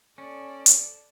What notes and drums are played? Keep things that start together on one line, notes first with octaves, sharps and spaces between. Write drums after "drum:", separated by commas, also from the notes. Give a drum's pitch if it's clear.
C#4 A4 D5
drum: hi-hat